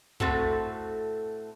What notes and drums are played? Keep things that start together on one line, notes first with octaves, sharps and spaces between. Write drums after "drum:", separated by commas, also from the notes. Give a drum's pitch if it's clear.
A2 A3 C4 F#4 A4, drum: kick